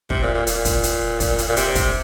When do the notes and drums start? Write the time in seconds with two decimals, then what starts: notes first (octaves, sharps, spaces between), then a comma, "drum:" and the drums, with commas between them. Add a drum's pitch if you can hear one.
0.10 C3, drum: kick
0.23 A#2
0.34 A#2
0.47 A#2, drum: hi-hat
0.65 drum: kick, hi-hat
0.83 drum: hi-hat
1.20 drum: kick, hi-hat
1.38 drum: hi-hat
1.49 A#2
1.56 C3, drum: hi-hat
1.75 drum: kick, hi-hat